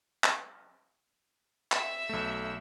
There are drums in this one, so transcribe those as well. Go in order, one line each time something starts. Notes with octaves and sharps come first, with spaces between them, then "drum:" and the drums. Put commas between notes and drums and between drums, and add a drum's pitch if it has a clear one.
drum: clap
E5 E6, drum: clap
B1 A3